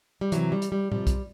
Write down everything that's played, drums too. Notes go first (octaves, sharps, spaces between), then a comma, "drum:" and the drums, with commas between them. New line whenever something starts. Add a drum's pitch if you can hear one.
G3
C3 E3 F#3, drum: hi-hat
G3
drum: hi-hat
G3
C3 F3 G3, drum: tom A2
drum: kick B1, hi-hat